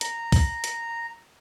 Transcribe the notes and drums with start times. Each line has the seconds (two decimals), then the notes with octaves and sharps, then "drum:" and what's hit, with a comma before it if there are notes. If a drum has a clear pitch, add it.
0.01 A#5, drum: hi-hat
0.32 drum: kick, open hi-hat
0.64 drum: hi-hat